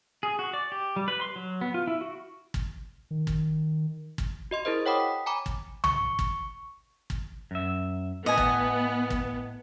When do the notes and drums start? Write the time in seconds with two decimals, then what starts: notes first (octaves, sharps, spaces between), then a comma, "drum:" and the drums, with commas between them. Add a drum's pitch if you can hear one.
0.23 G#4
0.39 F#4
0.53 D5
0.72 G4
0.96 G3
1.08 B4
1.21 C6
1.36 F#3
1.61 B3
1.74 F4
1.87 E4
2.01 F#4
2.54 drum: kick
3.11 D#3
3.27 drum: kick
4.18 drum: kick
4.51 F#4 D#5 C6
4.65 E4 G#4 A#4 C5 D#5
4.86 C#5 F#5 G5 B5 D6 D#6
5.00 B6
5.26 G#5 A#5 B5 D6
5.46 drum: kick
5.84 C#6, drum: tom
6.19 drum: kick
7.10 drum: kick
7.51 F#2 E5
8.26 A2 B3 D#5 G#5
8.37 drum: kick
9.10 drum: kick